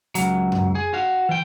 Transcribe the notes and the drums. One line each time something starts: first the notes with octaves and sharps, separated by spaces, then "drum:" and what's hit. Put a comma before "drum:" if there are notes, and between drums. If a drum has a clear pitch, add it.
C#2 F#3, drum: hi-hat
drum: tom F#2
G#4
F#4 F5
E3 G5